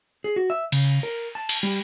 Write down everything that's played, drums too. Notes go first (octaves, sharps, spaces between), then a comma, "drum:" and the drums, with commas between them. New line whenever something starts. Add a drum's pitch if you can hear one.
G#4
F#4
E5
C#3, drum: cymbal
A#4
A5
drum: cymbal
G3